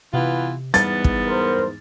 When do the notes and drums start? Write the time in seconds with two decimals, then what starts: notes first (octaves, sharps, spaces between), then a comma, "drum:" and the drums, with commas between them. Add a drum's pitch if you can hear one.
0.14 C3 E3 B3 F4
0.74 E2 G#2 G3 B3 A6, drum: hi-hat
1.04 drum: kick
1.27 A#4 C5